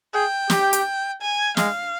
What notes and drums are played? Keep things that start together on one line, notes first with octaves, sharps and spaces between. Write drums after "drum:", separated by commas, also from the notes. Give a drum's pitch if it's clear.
G#4 G5
G4, drum: snare
drum: hi-hat
G#5
G#3 F5, drum: snare